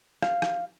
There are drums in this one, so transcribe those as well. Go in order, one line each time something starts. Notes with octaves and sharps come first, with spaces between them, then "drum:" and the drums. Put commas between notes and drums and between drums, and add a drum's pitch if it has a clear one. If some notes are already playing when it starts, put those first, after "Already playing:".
F5, drum: rim click
drum: rim click